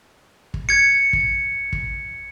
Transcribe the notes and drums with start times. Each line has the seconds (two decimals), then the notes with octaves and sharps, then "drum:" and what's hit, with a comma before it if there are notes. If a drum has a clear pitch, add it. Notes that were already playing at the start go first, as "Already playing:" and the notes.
0.54 drum: kick
0.69 G#6 C#7
1.13 drum: kick
1.73 drum: kick